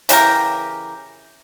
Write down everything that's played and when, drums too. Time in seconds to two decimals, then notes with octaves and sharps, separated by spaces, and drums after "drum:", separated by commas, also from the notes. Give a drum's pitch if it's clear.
0.09 C#3 E3 G4 A#4, drum: hi-hat